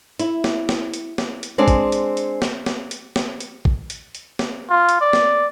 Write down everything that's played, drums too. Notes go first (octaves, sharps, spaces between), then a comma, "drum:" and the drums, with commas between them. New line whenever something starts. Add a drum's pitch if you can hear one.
E4, drum: hi-hat
drum: snare
drum: snare
drum: hi-hat
drum: snare
drum: hi-hat
G#3 C4 D4 G#4 D5
drum: kick, hi-hat
drum: hi-hat
drum: hi-hat
drum: snare
drum: snare
drum: hi-hat
drum: snare
drum: hi-hat
drum: kick
drum: hi-hat
drum: hi-hat
drum: snare
F4
drum: hi-hat
D5
drum: snare